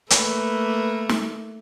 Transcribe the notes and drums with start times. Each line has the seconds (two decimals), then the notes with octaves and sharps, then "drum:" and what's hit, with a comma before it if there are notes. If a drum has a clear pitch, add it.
0.10 A3 A#3 B4, drum: hi-hat
1.09 drum: snare